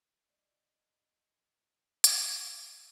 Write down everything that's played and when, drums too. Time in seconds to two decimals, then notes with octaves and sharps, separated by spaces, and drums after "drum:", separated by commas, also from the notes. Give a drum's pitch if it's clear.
0.25 D#4 D5
2.04 drum: hi-hat